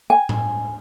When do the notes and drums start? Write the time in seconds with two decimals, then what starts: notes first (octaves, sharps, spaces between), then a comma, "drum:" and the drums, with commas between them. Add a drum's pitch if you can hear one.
0.10 G#5
0.29 drum: tom A2